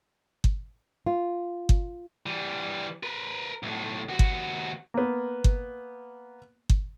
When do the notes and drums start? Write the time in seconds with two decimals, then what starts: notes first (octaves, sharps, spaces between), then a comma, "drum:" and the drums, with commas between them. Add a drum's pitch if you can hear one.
0.44 drum: kick G1
1.06 F4
1.69 drum: kick G1
2.26 E3 G3
3.03 A#4 B4
3.63 B1 A2
4.09 D#2 F#4
4.19 drum: kick G1
4.94 A#3 B3
5.44 drum: kick G1
6.69 drum: kick G1